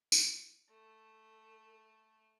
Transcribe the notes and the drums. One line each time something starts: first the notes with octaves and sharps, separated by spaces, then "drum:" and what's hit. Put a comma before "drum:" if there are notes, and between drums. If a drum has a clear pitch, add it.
drum: tambourine
A3 A4